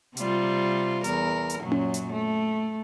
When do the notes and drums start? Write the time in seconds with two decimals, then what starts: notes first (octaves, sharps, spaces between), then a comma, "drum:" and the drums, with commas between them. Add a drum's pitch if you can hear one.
0.17 C3 G3 F4, drum: hi-hat
1.04 E2 A#4, drum: hi-hat
1.50 drum: hi-hat
1.62 F#2 A#2 F#3
1.72 drum: tom C#4
1.94 drum: hi-hat
2.12 A3